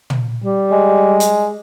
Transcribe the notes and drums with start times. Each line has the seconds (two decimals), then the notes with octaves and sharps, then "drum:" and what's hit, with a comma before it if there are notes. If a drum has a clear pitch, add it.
0.10 drum: tom
0.44 G3
0.72 G#3
1.20 drum: hi-hat